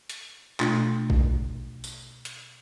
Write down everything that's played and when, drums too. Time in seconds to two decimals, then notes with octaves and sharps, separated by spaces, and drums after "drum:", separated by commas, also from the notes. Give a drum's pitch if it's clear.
0.09 drum: hi-hat
0.60 B2 A3 D4 F4, drum: clap
1.10 drum: kick A#1
1.84 drum: tambourine
2.25 drum: hi-hat